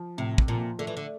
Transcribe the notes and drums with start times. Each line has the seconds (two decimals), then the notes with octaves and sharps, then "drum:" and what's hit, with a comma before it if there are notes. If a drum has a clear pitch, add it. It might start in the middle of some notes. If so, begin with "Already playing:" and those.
Already playing: F3
0.18 A2 C3
0.38 drum: kick
0.48 A#2 F3
0.79 D3 A3
0.87 E3
0.97 D3